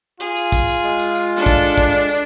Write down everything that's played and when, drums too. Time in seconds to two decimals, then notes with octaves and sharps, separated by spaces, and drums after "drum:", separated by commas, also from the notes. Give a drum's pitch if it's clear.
0.20 F4 G#4
0.37 drum: tambourine
0.52 drum: kick, tambourine
0.68 drum: tambourine
0.84 G#3, drum: tambourine
0.99 drum: tambourine
1.15 drum: tambourine
1.37 D4 A4
1.46 drum: kick, tambourine
1.62 drum: tambourine
1.78 drum: kick, tambourine
1.93 drum: tambourine
2.09 drum: tambourine